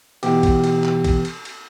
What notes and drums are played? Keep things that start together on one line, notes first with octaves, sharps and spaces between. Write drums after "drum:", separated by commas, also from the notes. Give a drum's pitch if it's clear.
B2 E3 B3 G4, drum: cymbal
drum: kick A1, cymbal
drum: cymbal
drum: clap
drum: kick A1, cymbal
drum: cymbal
drum: cymbal